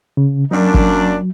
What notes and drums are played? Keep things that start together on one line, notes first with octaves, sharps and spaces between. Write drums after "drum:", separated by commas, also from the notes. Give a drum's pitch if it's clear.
C#3
F#2 F#3 A#3 D4
drum: kick